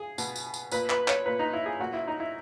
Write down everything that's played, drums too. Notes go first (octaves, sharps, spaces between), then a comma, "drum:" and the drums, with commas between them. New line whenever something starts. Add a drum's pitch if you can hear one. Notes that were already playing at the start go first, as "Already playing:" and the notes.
Already playing: G#4
B2, drum: tambourine
drum: tambourine
drum: tambourine
A#2 B4, drum: tambourine
B4, drum: clap
C#5, drum: clap
A#2 B4
D#4
E4
G#4
A#2 F#4
E4
D#4
E4